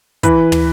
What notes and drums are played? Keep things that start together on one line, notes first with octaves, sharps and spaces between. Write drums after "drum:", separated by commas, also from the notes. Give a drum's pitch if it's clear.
E3 B4, drum: kick, hi-hat
drum: tom